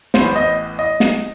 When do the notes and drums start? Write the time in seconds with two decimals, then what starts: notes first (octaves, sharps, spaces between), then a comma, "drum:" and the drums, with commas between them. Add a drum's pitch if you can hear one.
0.14 A1 A2 E3 B3 C5, drum: snare
0.36 D#5
0.79 D#5
1.00 drum: snare